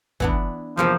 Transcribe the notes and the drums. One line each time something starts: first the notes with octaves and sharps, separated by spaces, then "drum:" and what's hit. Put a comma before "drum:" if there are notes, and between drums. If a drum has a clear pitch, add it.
E3 B3 D4, drum: kick
E2 C3 F3 A#3